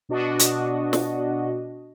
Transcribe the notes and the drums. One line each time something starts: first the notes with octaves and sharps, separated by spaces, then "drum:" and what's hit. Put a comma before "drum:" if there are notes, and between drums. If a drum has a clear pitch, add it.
B2 D4 F#4 D#5
drum: hi-hat
drum: snare